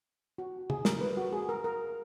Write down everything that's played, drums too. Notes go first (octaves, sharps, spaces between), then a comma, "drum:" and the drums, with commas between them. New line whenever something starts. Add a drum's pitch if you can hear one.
F#4
G#4, drum: tom C#3
A#4, drum: snare
B4
F#4
G#4
A#4
A#4